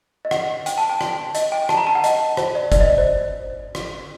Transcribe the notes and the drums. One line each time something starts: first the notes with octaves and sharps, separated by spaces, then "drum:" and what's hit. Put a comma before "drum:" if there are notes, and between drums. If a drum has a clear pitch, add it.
D#5
F#5, drum: rim click
G5, drum: hi-hat
A5
G5
G5, drum: rim click
D#5, drum: hi-hat
G5
G5
A5, drum: rim click
A#5
A5
F#5
D#5, drum: hi-hat
C5, drum: rim click
D5
D5, drum: kick, hi-hat
D#5
D5
C5
drum: rim click